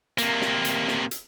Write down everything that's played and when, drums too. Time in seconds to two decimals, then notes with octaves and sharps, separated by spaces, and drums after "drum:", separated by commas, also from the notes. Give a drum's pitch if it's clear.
0.18 C3 A#3, drum: hi-hat
0.41 drum: snare
0.65 drum: hi-hat
0.88 drum: snare
1.11 drum: hi-hat